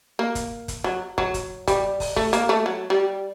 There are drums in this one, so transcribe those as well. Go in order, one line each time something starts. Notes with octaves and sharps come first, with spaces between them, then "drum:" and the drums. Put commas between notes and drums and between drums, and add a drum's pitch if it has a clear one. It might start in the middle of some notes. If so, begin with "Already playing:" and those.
A#3
drum: kick, hi-hat
drum: kick, hi-hat
F#3
F#3, drum: kick
drum: kick, hi-hat
G3, drum: kick, hi-hat
drum: kick, open hi-hat
A3, drum: kick
A#3, drum: hi-hat
A3
F#3
G3